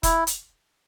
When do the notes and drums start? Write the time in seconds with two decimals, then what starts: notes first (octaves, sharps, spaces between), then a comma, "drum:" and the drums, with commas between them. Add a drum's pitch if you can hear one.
0.03 E4, drum: kick E1, hi-hat
0.27 drum: hi-hat